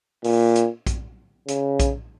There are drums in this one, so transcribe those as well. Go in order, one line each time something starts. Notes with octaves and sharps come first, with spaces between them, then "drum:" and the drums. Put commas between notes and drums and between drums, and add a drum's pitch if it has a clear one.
A#2, drum: open hi-hat
drum: hi-hat
drum: kick A#1, hi-hat
C#3, drum: hi-hat
drum: kick A#1, hi-hat